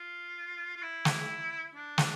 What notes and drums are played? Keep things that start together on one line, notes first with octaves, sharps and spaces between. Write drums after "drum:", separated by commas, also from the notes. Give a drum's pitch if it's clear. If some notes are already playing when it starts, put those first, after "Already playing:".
Already playing: F4
F4
E4
drum: snare
D4
drum: snare